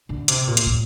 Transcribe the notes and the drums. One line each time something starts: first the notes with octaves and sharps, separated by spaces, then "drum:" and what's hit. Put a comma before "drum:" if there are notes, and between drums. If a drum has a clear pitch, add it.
D3
C3, drum: hi-hat
A#2
drum: hi-hat
A2